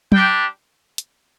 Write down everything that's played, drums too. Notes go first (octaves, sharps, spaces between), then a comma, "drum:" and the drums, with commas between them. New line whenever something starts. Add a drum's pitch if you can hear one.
G3 D4 G4 G5, drum: tom
drum: hi-hat